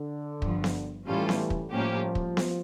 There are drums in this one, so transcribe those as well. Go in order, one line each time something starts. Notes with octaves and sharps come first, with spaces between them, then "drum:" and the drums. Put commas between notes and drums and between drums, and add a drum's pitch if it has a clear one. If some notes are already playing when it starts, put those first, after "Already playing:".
Already playing: D3
G1 G2 F3, drum: kick
drum: snare B3
A2 E3 G3 C#4 F4 A4
drum: snare B3
drum: kick
A2 F3 G3 A#3 C#4 G4
drum: kick
drum: snare B3